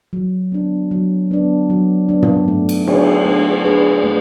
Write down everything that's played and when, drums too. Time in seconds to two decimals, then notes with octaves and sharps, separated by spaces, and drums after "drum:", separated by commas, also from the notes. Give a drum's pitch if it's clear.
0.13 F#3
0.52 B3 D4
0.91 F#3
1.31 B3 D4
1.70 F#3
2.09 B3 D4
2.22 drum: tom
2.48 A3
2.69 drum: cymbal
2.87 D4 G#4 B4, drum: cymbal
3.26 A3
3.65 D4 G#4 B4
4.04 A3